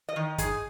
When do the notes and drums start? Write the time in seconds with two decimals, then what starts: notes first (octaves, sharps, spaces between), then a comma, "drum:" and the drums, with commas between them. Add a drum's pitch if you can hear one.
0.09 D#5
0.16 D#3
0.38 D#4 G#4, drum: kick, hi-hat